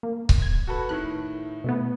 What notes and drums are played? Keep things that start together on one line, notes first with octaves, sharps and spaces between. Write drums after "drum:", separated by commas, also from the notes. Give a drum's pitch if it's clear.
A#3
drum: kick C#1
G#6
F#4 A4 B4
A2 D#3 F#6
B2 A3 B3